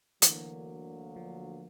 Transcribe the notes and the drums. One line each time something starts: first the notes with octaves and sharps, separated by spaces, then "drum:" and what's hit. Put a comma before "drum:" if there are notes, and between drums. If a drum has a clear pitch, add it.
D2 D3 E3 F#3 A#3, drum: hi-hat
F3